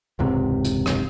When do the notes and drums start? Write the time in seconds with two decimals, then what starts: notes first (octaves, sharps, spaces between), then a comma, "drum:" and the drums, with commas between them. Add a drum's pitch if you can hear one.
0.19 E1 C#2 G#2 C3
0.64 drum: hi-hat
0.86 drum: rim click